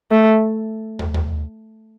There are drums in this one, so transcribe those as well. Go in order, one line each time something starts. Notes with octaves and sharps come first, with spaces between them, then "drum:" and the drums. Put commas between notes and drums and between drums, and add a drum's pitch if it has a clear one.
A3
drum: tom
drum: tom